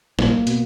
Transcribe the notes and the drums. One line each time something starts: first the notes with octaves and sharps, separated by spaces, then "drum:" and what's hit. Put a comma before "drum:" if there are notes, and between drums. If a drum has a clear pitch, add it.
A#1 A#2 A#3, drum: snare
B2, drum: hi-hat